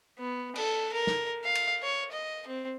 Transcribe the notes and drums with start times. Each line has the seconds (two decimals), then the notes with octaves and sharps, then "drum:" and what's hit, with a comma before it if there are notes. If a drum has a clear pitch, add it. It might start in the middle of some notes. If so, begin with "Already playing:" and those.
0.19 B3
0.55 A4, drum: cymbal
0.93 A#4
1.07 drum: snare
1.44 F5
1.55 drum: cymbal
1.83 C#5
2.12 D#5
2.47 C4